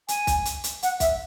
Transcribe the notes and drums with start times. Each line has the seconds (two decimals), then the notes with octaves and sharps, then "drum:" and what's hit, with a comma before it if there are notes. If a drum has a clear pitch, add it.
0.08 G#5, drum: hi-hat
0.27 drum: kick, hi-hat
0.45 drum: hi-hat
0.64 drum: hi-hat
0.82 F#5, drum: hi-hat
1.00 E5, drum: kick, hi-hat